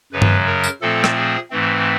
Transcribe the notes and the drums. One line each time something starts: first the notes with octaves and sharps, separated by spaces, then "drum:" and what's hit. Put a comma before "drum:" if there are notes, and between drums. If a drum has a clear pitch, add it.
F#2 C#3 F#3 B4
drum: tom G2
A#4
drum: tambourine
A#2 F3 A3 C4 A4
drum: rim click
G#4
G#2 E3 A3 C4